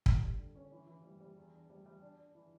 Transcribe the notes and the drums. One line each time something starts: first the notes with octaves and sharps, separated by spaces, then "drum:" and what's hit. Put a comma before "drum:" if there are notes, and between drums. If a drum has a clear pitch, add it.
D3, drum: kick
G3
D3
C#4
E3
E3
G3
G3
E2
D4
G3
G3
D4
D4
E3